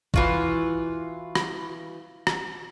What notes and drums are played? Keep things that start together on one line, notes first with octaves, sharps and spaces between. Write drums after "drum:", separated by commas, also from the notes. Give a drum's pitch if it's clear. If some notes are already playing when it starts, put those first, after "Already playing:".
E3 F4 F#4, drum: kick
drum: rim click
drum: rim click